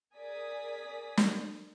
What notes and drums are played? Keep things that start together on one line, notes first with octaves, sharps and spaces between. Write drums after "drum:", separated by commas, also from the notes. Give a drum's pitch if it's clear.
G#4 A#4 D5 G#5 D#6 B6
drum: snare